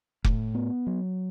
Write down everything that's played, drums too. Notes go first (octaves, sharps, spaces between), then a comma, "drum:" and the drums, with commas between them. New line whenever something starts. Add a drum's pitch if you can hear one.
A2, drum: kick F1
B3
F#3